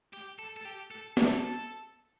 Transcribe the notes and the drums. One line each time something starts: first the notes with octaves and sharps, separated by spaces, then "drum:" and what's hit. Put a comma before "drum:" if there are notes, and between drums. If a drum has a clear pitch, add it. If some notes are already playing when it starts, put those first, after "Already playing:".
G4
A4
A4
G4
A4
A4, drum: snare